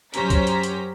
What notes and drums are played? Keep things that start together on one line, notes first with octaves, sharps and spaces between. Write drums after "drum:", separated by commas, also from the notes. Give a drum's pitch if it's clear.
F#2 C#4 G4 C5 A#5 B6, drum: hi-hat
drum: kick C2, hi-hat
drum: hi-hat
drum: hi-hat